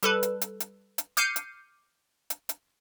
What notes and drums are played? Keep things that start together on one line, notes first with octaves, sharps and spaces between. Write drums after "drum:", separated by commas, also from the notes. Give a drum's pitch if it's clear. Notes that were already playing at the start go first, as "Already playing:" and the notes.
G3 A4 B4, drum: hi-hat
drum: hi-hat
drum: hi-hat
drum: hi-hat
drum: hi-hat
D6 F6 G6 C7 C#7 D#7, drum: hi-hat
drum: hi-hat
drum: hi-hat
drum: hi-hat